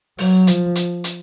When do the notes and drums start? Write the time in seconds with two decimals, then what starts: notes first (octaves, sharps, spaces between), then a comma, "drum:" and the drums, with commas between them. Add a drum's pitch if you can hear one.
0.19 F#3, drum: open hi-hat
0.47 F3, drum: hi-hat
0.75 drum: hi-hat
1.04 drum: hi-hat